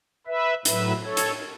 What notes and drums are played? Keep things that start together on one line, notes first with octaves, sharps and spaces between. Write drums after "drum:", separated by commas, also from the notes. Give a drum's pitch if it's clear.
B4 E5
A2 F#3 B4 E5, drum: hi-hat
A4 C#5
drum: hi-hat